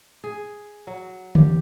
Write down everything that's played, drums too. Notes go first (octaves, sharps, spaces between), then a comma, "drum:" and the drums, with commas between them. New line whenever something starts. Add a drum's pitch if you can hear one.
G#4
F#3
G4, drum: tom